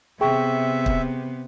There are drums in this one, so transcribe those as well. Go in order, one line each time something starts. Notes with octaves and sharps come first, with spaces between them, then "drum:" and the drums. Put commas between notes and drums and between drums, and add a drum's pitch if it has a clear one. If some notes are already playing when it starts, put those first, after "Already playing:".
C3 B3 G#4 E5 G5 C#6
drum: kick